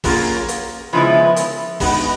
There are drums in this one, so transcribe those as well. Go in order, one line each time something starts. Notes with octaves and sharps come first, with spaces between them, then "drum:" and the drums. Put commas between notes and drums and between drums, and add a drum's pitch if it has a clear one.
F#3 A#3 C#4 F4 G#4, drum: kick, open hi-hat
drum: hi-hat
C#3 F3 G#3 B3 E4
drum: hi-hat
B2 G#3 B3 D#4 F#4, drum: kick, open hi-hat